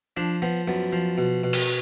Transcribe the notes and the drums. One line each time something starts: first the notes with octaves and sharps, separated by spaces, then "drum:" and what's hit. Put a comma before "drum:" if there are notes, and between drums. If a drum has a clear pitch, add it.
F3 D4
F3 B3
F#2 B3
F3
B2
B2
drum: cymbal